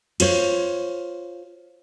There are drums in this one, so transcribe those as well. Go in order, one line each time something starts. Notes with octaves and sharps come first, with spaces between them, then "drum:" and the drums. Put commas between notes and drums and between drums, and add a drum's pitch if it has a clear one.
F4 C5 C#5, drum: cymbal